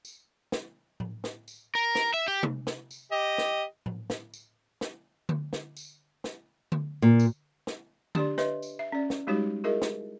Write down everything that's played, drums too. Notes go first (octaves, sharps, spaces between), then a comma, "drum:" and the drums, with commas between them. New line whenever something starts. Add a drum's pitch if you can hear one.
drum: tambourine
drum: snare
drum: tom A2
drum: snare
drum: tambourine
A#4
drum: snare
E5
G4
drum: tom C3
drum: snare
drum: tambourine
G4 D#5
drum: snare
drum: tom A2
drum: snare
drum: tambourine
drum: snare
drum: tom D3
drum: snare
drum: tambourine
drum: snare
drum: tom D3
A#2
drum: tambourine
drum: snare
D4 G4 D5 C6, drum: tom D3
B4 C#5 D#5 E5 C6, drum: snare
drum: tambourine
E5
C#4 D5
drum: snare
G3 G#3 D#4 F#4 G4 C#5
E4 F#4 G#4 A#4 D#5 E5
drum: snare